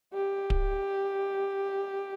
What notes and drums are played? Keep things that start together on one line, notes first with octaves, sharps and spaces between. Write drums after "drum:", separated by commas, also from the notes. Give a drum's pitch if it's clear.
G4
drum: kick D1